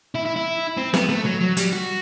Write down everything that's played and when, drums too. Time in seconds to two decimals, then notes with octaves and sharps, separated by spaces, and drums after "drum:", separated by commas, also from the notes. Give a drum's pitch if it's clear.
0.15 E4
0.25 E4
0.36 E4
0.77 C4
0.94 B3, drum: snare
1.09 A3
1.25 F#3
1.41 F#3
1.57 G3, drum: hi-hat
1.73 F#4